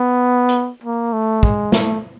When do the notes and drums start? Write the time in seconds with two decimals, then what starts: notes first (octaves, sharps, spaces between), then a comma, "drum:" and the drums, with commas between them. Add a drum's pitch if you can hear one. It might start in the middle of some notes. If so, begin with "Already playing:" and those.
Already playing: B3
0.49 drum: hi-hat
0.84 A#3
1.13 A3
1.43 G#3, drum: kick
1.72 A3, drum: snare